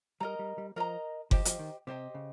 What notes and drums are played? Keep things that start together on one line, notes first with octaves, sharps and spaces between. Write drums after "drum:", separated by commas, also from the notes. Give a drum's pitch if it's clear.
G3 A#4 D#5 A#5
G3
G3
F3 A#4 D#5 A#5
F3 G4 C5 D#5 G5, drum: kick F#1
F3, drum: hi-hat
D#3
C3 G4 C5 D#5 G5
C#3